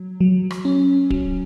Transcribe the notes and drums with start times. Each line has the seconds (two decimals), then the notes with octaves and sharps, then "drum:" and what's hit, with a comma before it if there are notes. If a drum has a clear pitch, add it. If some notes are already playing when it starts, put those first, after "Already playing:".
Already playing: F#3
0.20 F#3
0.51 drum: rim click
0.65 C#4
1.10 F#3, drum: kick